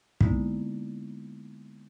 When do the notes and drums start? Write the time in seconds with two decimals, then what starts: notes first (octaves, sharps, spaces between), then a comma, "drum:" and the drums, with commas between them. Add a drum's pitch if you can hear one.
0.21 D3 G#3 A#3 B3 D#4 E4, drum: kick